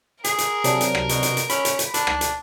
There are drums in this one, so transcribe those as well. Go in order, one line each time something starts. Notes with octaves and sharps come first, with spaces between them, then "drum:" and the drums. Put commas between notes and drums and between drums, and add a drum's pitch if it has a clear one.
G#4 A#4, drum: hi-hat
drum: hi-hat
C3 F#3 D4, drum: hi-hat
drum: hi-hat
drum: rim click
B2, drum: hi-hat
drum: hi-hat
drum: hi-hat
C#4 B5, drum: hi-hat
drum: hi-hat
drum: hi-hat
D4, drum: hi-hat
drum: rim click
drum: hi-hat